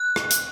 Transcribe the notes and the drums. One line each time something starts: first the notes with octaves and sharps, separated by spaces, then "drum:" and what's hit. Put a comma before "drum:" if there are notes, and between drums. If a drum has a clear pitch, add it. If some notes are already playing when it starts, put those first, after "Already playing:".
Already playing: F#6
drum: rim click
drum: hi-hat